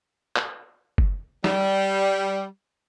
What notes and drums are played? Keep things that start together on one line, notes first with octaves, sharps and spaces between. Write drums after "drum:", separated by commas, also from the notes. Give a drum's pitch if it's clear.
drum: clap
drum: kick F#1
G3, drum: snare